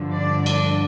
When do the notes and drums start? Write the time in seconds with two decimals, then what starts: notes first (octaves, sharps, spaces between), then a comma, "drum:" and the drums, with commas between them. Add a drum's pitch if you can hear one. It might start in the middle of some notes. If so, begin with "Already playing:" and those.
Already playing: G2 D3 F3
0.16 D4 D5
0.46 D4 D5, drum: cymbal